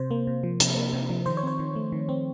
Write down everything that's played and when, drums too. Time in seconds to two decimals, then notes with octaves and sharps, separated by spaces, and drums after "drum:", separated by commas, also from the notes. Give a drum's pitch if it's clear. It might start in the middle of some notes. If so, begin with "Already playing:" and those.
Already playing: C3 C5
0.11 A#3
0.27 C3
0.43 F3
0.60 C3, drum: hi-hat
0.77 A#3
0.93 C3
1.10 F3
1.26 D#3 C5
1.37 C#5
1.43 C4 C5
1.59 D#3
1.76 A3
1.92 D#3
2.09 C4